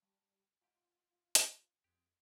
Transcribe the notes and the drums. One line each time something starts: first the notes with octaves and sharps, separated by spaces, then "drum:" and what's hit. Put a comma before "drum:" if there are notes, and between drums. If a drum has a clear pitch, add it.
G2 G3
G#2 F4 G4
drum: hi-hat
F2 G#3 G4